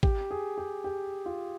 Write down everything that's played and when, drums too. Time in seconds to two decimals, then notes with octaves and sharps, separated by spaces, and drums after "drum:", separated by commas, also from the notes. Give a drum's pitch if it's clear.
0.03 G4, drum: kick
0.31 G#4
0.58 G4
0.84 G4
1.26 F4